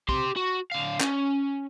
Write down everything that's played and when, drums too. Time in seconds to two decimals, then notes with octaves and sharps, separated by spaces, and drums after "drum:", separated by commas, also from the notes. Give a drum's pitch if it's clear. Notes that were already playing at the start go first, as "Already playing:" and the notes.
0.09 G4 C6, drum: kick
0.36 F#4
0.72 D3 F5
1.00 C#4, drum: clap